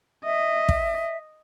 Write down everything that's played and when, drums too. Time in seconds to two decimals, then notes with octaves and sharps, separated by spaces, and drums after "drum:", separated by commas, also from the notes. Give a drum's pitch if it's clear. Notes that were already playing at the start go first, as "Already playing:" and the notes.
0.25 D#5 E5
0.69 drum: kick